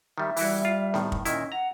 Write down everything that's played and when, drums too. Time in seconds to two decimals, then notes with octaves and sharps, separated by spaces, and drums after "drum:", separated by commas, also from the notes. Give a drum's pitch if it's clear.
0.18 D#3 G3 E5
0.37 E3 G3 E4 F#4, drum: open hi-hat
0.65 F4
0.94 A2 D#3, drum: snare B3
1.12 drum: kick
1.25 A#2 D#3 C#4 E4 D#5, drum: hi-hat
1.52 F#5 A#5